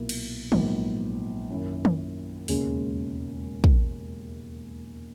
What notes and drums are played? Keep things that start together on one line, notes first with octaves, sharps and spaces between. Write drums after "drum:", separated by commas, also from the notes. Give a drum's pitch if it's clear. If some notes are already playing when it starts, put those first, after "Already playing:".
Already playing: B1 A#2 A#3 E4 A#4
drum: cymbal
A#1 G#2 F#3 B3 D#4, drum: tom
F#2 D#3 A#3 C#4 E4
drum: tom
E1 D#2 C#3 G#3 C#4, drum: open hi-hat
drum: kick